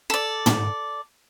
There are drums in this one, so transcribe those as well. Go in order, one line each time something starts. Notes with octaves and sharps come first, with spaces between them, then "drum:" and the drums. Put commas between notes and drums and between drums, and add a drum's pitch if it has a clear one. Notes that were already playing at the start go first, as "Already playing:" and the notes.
A4 D5
drum: tom